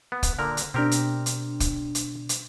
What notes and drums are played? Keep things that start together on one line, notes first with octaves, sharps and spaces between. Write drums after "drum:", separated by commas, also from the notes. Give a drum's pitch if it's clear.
B3
drum: kick, hi-hat
A#2 D3 A#4
drum: hi-hat
B2 C4 D4 G4 A#4
drum: hi-hat
drum: hi-hat
drum: kick, hi-hat
drum: hi-hat
drum: hi-hat